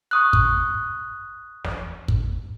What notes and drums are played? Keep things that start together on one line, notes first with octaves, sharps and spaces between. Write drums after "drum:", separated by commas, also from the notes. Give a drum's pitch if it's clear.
C#6 D#6 F#6
drum: kick
drum: snare
drum: kick